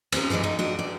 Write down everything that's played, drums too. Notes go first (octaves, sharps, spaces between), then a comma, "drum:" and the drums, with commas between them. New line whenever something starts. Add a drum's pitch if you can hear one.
C4 C#4 G4 A#4, drum: cymbal
E3 F#3 G#3 G#4 D5
D#4
D4 F#4 D#5
D5